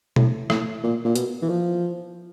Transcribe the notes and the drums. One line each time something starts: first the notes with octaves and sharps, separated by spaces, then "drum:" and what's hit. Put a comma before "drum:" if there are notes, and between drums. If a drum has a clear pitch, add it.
A2, drum: tom B2
A2, drum: rim click
A#2
A#2
B2, drum: hi-hat
E3
F3